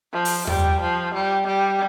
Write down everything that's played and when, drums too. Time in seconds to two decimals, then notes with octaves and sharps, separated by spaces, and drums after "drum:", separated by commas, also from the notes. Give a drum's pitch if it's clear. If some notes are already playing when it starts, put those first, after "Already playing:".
0.13 F3
0.25 drum: open hi-hat
0.47 G3, drum: tom E2
0.81 F3
1.14 G3
1.46 G3